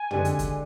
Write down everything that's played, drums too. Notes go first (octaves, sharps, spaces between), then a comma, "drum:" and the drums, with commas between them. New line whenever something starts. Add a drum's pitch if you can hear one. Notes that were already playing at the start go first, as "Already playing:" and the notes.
Already playing: G#5
D3 G#3 D4 G4, drum: tom
drum: hi-hat
drum: kick, hi-hat